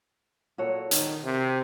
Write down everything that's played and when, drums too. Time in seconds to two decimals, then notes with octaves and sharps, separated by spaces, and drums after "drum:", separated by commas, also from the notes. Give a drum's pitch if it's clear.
0.58 A#2 F#4 A4 C#5
0.91 D#3, drum: hi-hat
1.24 C3